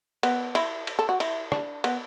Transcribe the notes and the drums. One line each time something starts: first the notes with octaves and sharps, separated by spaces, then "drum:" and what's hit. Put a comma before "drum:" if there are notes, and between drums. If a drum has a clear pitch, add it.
B3, drum: cymbal
E4, drum: cymbal
drum: cymbal
A4
F#4
E4, drum: cymbal
D4, drum: rim click
B3, drum: cymbal